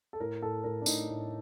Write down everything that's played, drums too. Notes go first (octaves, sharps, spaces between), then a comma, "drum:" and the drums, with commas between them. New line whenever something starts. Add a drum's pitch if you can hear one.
A4
A2 A#4
A2 A4
A2 A#4
D4
A2 D#4, drum: tambourine
A2